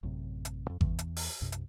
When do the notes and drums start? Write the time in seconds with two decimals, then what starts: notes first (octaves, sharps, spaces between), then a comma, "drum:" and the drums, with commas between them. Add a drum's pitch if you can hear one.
0.03 A1 F#2 C3
0.45 drum: hi-hat
0.70 F2
0.81 E2 E3, drum: kick G#1
0.99 drum: hi-hat
1.16 drum: open hi-hat
1.41 B1 F#2 C3
1.52 drum: hi-hat